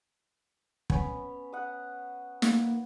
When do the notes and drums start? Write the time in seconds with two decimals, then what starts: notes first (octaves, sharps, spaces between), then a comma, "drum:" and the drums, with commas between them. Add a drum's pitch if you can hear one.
0.90 B3 C#4, drum: kick
1.53 F#5 D#6
2.42 A#3, drum: snare